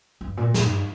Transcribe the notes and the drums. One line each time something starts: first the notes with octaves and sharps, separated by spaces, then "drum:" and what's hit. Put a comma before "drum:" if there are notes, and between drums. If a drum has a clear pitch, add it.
G2
A#2
A#2, drum: snare
G2